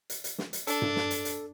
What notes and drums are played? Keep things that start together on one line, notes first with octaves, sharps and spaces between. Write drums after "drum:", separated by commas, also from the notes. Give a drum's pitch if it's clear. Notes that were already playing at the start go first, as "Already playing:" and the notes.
drum: hi-hat
drum: hi-hat
drum: snare
drum: hi-hat
D4 A4, drum: hi-hat
drum: tom G2
drum: snare
drum: hi-hat
drum: hi-hat